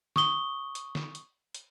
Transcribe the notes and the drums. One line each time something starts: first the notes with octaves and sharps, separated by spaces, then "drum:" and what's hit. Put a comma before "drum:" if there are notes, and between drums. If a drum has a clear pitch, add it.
C#6 D#6 G7, drum: snare
drum: hi-hat
drum: snare
drum: hi-hat
drum: hi-hat